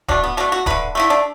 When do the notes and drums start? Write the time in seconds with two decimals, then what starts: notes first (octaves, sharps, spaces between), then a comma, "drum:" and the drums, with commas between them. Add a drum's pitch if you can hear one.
0.08 B2 A3 D4, drum: kick D1
0.23 B3
0.37 B2 A3 D4
0.52 F#4
0.66 D3 A3 B4, drum: kick D1
0.95 D3 A3 E4
1.10 D4